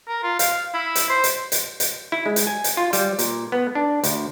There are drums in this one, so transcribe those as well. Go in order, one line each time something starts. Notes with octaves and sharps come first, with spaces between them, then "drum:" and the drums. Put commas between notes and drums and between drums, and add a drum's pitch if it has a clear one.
A#4
F4
F5, drum: hi-hat
E4
drum: hi-hat
C5
drum: hi-hat
drum: hi-hat
drum: hi-hat
E4
G#3
drum: hi-hat
G#5
drum: hi-hat
F4
G3, drum: hi-hat
A#2, drum: hi-hat
B3
D4
D2, drum: hi-hat